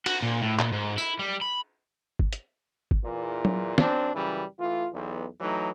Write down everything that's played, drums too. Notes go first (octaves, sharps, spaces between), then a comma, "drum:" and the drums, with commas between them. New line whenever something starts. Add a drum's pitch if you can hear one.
F#4, drum: cymbal
A#2
A2
A#2, drum: clap
G#2
E4, drum: tambourine
G3
B5
drum: kick
drum: hi-hat
drum: kick
E2 A#2
drum: tom F#3
F#2 C4 D4, drum: snare
F#2 C#3 E3 G3
E3 A3 F4
B1 E2
E3 F#3 A3 D#4